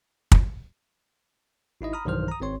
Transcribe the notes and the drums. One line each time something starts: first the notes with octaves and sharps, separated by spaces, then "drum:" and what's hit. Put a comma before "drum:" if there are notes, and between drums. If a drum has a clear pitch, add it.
drum: kick
G#1 D#4 E4 D#5
A#5 B5 D#6 F6
B1 G2 D#3 E3 C5 F6
A#5 D#6
G#1 C4 C#5 C6